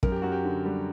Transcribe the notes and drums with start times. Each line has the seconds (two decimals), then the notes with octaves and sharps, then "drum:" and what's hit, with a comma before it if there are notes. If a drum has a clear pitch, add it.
0.03 F#2 A#4, drum: kick
0.12 G4
0.22 F#2 F#4
0.32 G4
0.44 D3
0.65 G3